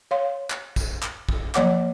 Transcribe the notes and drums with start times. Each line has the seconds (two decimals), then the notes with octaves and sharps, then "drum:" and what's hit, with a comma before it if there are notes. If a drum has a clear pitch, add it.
0.11 C#5 F5 C6
0.50 drum: clap
0.76 drum: kick, tambourine
1.02 drum: clap
1.29 drum: kick
1.55 F3 F#3 A#3 C#5 F#5 D6, drum: clap